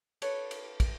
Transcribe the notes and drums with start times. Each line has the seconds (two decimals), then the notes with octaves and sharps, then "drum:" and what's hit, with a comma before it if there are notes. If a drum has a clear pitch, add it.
0.22 A4 B4 C#5, drum: cymbal
0.51 drum: cymbal
0.80 drum: kick, cymbal